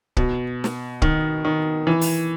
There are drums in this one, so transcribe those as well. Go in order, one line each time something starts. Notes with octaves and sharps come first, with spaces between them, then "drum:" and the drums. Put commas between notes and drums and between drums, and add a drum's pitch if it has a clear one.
B2, drum: kick C#1
drum: snare
D#3, drum: kick C#1
D#3
E3
drum: open hi-hat